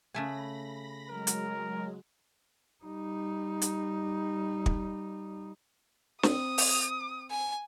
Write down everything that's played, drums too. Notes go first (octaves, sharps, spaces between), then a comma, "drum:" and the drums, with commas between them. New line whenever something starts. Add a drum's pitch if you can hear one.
C#3 A3 G#5 B5 A#6
F#3 G#3 A#4
drum: hi-hat
G3 D#4
drum: hi-hat
drum: kick
C4 D#6, drum: snare
drum: open hi-hat
G#5